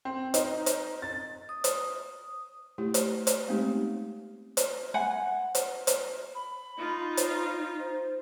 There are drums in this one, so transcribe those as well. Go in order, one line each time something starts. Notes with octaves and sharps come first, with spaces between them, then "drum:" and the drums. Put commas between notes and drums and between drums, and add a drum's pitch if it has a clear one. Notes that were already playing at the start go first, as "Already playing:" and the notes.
C4
D#4, drum: hi-hat
drum: hi-hat
A6
D#6
drum: hi-hat
A3 E4 G4
drum: hi-hat
drum: hi-hat
G#3 A3 B3 C4 D#4 G4
drum: hi-hat
F#5 G#5
drum: hi-hat
drum: hi-hat
B5
D#4 F4
drum: hi-hat
C5